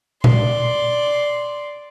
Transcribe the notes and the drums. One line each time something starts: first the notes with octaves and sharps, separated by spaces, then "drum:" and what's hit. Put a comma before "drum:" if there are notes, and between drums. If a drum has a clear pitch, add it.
D5 C6, drum: tom A#2